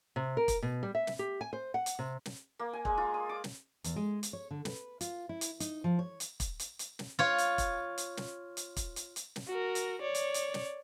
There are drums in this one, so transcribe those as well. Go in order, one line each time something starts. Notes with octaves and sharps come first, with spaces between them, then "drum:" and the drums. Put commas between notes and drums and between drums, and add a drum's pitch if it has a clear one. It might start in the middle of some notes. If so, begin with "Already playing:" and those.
C3
A#4
drum: kick, hi-hat
B2
G3
E5
drum: snare
G4
G#5
C5
F#5
drum: hi-hat
C3
drum: snare
A#3
G#5
G#3, drum: kick
F4
D#6
D6
drum: snare
E2, drum: hi-hat
G#3
drum: hi-hat
C#5
D3
B4, drum: snare
F4, drum: hi-hat
E4
drum: hi-hat
D#4, drum: hi-hat
F3
C#5
drum: hi-hat
drum: kick, hi-hat
drum: hi-hat
drum: hi-hat
drum: snare
F4 C#5
drum: hi-hat
drum: kick, hi-hat
drum: hi-hat
drum: snare
drum: hi-hat
drum: kick, hi-hat
drum: hi-hat
drum: hi-hat
drum: snare
F#4 A#4
drum: hi-hat
C#5 D5
drum: hi-hat
drum: hi-hat
drum: snare